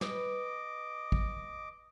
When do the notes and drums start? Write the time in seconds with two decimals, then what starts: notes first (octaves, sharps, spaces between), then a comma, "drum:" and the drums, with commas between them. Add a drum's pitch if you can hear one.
0.01 B4 D#5 D6, drum: snare
1.12 drum: kick